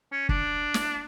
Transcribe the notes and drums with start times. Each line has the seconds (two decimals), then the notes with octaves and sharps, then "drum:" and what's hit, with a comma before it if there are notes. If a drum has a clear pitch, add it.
0.12 C#4
0.29 D4, drum: kick
0.74 drum: snare